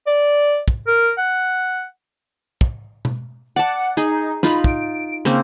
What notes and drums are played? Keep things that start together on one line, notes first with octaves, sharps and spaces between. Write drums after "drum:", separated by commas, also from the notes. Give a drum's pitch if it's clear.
D5
drum: kick
A#4
F#5
drum: kick
drum: tom B2
D5 F#5 A5
D#4 G#4, drum: hi-hat
D#4 F4 B5, drum: snare
D7, drum: kick
C#3 A#3 C4